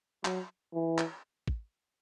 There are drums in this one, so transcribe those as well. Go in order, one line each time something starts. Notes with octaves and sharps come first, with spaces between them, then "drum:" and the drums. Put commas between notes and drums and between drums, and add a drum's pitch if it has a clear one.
F#3, drum: clap
E3
drum: clap
drum: kick